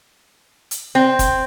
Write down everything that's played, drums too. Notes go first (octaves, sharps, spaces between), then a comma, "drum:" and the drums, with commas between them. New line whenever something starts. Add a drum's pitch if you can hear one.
drum: hi-hat
C4
drum: kick, hi-hat